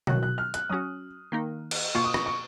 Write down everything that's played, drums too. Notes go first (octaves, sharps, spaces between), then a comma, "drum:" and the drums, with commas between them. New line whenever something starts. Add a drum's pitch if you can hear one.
D#3 F#3 B3 F#4 F#6, drum: tom B2
F#6
F6
F#6, drum: hi-hat
F#3 C#4 F#4 D#6
D#3 A#3 D#4
drum: cymbal
B2 A#3 F4 C#6
D#6
C#6, drum: rim click
C#6